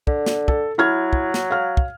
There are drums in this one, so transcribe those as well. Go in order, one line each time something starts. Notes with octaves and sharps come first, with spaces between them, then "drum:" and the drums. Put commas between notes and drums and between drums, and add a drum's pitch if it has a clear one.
D3, drum: kick
drum: snare
A4, drum: kick
F#3 E4 F6 G#6
drum: kick
drum: snare
F5 F6
drum: kick